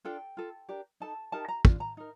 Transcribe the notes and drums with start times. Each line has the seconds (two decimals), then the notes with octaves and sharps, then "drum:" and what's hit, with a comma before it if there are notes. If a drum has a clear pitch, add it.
0.05 D4 F4 A4 G5
0.37 F4 A4
0.69 D4 G4 A#4
1.00 D#4 A4 A5
1.32 D#4 G4 A#4 A5
1.48 A#5
1.65 D4 F4, drum: kick
1.80 A#5
1.97 D#4 A#4